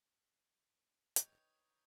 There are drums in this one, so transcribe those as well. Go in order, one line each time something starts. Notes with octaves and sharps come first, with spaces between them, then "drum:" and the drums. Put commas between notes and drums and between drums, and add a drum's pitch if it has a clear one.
D#4 B4 C#5 G5, drum: hi-hat